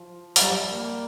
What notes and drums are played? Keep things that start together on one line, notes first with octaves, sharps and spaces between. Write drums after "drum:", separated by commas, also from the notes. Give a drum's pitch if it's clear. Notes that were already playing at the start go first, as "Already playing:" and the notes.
Already playing: F3
F3, drum: open hi-hat
G3
A#3